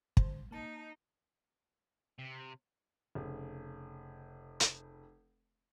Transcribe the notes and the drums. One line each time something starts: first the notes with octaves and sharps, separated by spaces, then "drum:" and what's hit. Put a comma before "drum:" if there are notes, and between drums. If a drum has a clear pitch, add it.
D3 C5, drum: kick
A#3 D#4 A5
C3
F1 C#3
drum: hi-hat